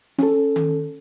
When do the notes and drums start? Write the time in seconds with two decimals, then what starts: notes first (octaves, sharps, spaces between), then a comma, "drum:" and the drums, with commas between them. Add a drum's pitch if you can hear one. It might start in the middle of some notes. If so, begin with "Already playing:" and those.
0.18 C#4 A4, drum: snare
0.56 drum: tom D#3